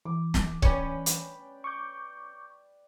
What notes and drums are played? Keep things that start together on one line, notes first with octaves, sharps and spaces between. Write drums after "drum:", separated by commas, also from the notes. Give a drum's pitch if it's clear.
E3 D6
drum: snare
C#4 B4 D5 G5, drum: kick
drum: hi-hat
C#6 D6 G6